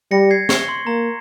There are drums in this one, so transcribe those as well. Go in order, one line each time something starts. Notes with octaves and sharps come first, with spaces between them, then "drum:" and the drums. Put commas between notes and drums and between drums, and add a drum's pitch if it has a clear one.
G3 A#6 C#7
G#6 C7
C#6, drum: snare
C6
A#3 A#5